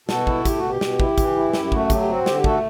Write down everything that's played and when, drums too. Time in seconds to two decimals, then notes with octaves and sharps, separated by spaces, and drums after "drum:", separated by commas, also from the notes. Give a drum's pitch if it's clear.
0.09 B2 F#4 A4, drum: snare
0.27 E4, drum: kick
0.45 A3 G4, drum: kick, hi-hat
0.58 F#4
0.64 B2
0.69 G4
0.81 B2, drum: snare
1.00 E4, drum: kick
1.18 E3, drum: kick, hi-hat
1.36 E4
1.53 F#2 G4, drum: snare
1.65 G4
1.72 A3 F#4, drum: kick
1.90 F#3 G4, drum: kick, hi-hat
2.00 G4
2.08 C4 F#4
2.26 D3 G4, drum: snare
2.38 G4
2.44 A3 F#4 A4, drum: kick